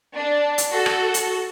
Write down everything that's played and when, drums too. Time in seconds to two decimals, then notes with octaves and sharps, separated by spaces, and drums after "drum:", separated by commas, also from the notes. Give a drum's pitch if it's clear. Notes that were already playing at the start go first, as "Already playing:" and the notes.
0.16 D4
0.58 drum: hi-hat
0.72 F#4 A4
0.86 drum: rim click
1.14 drum: hi-hat